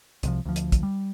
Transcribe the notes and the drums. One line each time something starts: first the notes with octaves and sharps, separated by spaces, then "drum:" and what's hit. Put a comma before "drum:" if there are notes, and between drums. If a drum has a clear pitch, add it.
C2 C3 F3, drum: hi-hat
D2 F3
drum: hi-hat
drum: kick, hi-hat
G3